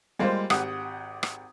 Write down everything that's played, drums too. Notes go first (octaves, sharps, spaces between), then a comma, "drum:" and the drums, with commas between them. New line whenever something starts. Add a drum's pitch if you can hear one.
G3 G#3 A#3 F4 C5
G#1 G4 F#5 D#6, drum: rim click
drum: rim click